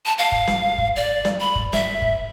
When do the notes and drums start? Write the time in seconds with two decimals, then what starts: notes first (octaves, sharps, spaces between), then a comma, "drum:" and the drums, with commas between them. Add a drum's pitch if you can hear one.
0.06 A5
0.18 F5
0.32 drum: kick
0.47 drum: snare
0.78 drum: kick
0.96 D5
1.25 drum: snare
1.40 B5
1.56 drum: kick
1.73 E5, drum: snare
2.02 drum: kick